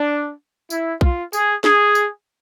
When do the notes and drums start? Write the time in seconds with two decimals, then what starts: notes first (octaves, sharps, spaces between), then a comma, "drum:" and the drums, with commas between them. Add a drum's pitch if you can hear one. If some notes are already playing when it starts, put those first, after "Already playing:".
Already playing: D4
0.70 E4, drum: tambourine
1.01 F4, drum: kick B1
1.33 G#4, drum: tambourine
1.64 G#4, drum: snare
1.95 drum: tambourine